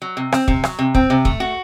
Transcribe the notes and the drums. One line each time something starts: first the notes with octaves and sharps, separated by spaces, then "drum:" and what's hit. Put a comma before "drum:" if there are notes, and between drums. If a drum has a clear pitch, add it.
F#3
C3
C4, drum: rim click
C3, drum: kick
F#3, drum: rim click
C3
C4, drum: kick
C3
A3, drum: kick
F#4